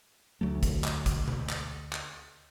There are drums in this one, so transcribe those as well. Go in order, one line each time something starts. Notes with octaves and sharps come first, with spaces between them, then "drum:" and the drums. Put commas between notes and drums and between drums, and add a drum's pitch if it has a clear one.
D2 F#3 A3
drum: kick, hi-hat
drum: clap
drum: kick, hi-hat
drum: tom B2
drum: clap
drum: clap